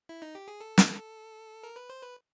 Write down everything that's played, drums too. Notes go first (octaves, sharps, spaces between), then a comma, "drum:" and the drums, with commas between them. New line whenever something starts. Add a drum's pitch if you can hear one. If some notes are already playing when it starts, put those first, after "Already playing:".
E4
D#4
G4
G#4
A4
drum: snare
A#4
B4
C5
B4